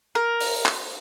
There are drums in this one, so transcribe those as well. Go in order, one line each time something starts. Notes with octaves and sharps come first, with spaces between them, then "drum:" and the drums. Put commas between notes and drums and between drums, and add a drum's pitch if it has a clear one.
A#4
drum: open hi-hat
drum: clap